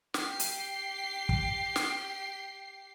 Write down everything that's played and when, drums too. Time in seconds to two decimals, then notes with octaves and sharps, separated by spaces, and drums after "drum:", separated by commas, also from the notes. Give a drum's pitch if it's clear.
0.14 G4 C7, drum: snare
0.39 drum: hi-hat
1.29 drum: kick
1.76 drum: snare